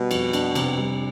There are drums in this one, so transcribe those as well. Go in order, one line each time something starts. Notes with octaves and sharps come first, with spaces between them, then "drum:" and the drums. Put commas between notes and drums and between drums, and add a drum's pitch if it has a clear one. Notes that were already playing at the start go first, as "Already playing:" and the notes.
Already playing: B2 G3
F2, drum: cymbal
D4, drum: cymbal
C3, drum: cymbal
G3